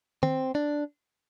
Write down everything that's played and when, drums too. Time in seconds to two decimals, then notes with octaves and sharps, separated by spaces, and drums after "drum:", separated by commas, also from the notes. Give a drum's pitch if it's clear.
0.23 C4, drum: tom
0.55 D4